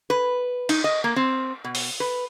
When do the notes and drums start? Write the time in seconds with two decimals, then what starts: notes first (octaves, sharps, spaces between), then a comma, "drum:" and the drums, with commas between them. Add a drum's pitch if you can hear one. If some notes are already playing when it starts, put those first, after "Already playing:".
0.10 B4
0.69 D#4, drum: cymbal
0.84 D#5
1.04 A#3
1.16 C4
1.64 B2
1.75 drum: open hi-hat
2.00 B4